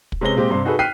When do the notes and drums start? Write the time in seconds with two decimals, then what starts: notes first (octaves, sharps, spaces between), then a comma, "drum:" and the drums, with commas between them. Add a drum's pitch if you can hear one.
0.12 drum: kick
0.21 C3 G#3 C#4 B4 A#6 G7
0.36 A#2 G#3 C4 G4
0.50 G2 C3 C6
0.64 D#4 F#4 G#4 A4 B4
0.79 G5 F6 F#6 B6 C7 D#7